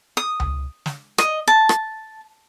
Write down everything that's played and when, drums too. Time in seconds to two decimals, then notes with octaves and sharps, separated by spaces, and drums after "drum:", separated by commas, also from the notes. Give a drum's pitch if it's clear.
0.17 D#6
0.40 drum: tom C#2
0.86 drum: snare
1.18 D#5, drum: rim click
1.48 A5
1.69 drum: rim click